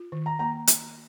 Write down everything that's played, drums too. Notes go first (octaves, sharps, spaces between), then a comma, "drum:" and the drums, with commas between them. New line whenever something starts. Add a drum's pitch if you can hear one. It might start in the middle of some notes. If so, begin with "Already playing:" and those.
Already playing: F4
D#3
A#5
A#3 A#5
drum: hi-hat